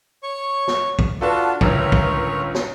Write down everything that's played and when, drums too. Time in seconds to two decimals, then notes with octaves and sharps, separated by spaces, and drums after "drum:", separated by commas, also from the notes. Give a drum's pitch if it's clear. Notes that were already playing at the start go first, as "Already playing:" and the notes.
0.23 C#5 C#6
0.67 drum: snare
0.99 drum: kick
1.21 D4 F4 F#4 A4 B4 A5
1.61 G1 C#2 A2 A#4 C#5, drum: kick
1.92 drum: kick
2.55 drum: snare